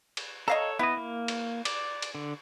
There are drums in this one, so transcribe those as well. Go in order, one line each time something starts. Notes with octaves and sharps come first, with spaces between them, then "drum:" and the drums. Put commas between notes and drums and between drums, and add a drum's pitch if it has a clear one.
drum: cymbal
A4 C#5 D#5 F5 A#5
B3 E4 D#5
A#3
drum: cymbal
D5, drum: cymbal
drum: cymbal
D3